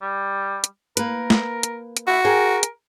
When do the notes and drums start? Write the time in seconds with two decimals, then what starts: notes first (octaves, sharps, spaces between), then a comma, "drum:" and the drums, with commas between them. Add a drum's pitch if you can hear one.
0.02 G3
0.64 drum: hi-hat
0.97 A#3 A#4 B4, drum: hi-hat
1.30 drum: snare
1.63 drum: hi-hat
1.97 drum: hi-hat
2.07 E4 F#4
2.25 G#4 A#4 G5 G#5
2.63 drum: hi-hat